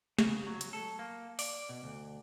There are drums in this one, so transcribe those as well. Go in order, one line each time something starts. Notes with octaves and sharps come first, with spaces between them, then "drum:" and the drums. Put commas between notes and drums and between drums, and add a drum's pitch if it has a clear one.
C#3, drum: snare
F#3
drum: hi-hat
A4
A#3
D5, drum: open hi-hat
B2
D2